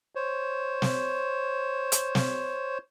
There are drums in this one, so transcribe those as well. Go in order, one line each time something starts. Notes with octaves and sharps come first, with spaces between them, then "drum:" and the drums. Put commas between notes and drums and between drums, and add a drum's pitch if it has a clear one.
C5 C#5
drum: snare
drum: hi-hat
drum: snare